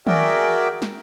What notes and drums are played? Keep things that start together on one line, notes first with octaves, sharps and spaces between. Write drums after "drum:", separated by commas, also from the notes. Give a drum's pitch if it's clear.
F#4 G#4 A#4 D5 E5 G5, drum: tom D#3
drum: snare